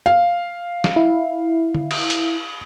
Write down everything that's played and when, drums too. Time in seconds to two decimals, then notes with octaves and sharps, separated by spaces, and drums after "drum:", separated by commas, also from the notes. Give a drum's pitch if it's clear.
0.06 F5
0.84 drum: snare
0.96 E4
1.75 drum: tom D3
1.91 drum: cymbal
2.10 drum: hi-hat